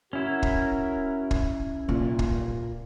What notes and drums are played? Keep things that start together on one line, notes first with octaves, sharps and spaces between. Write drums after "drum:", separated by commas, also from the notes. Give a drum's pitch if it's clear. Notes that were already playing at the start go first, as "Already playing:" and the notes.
C#4 E4 F#4 A#4
drum: kick
drum: kick
G#1 G2 A#2
drum: kick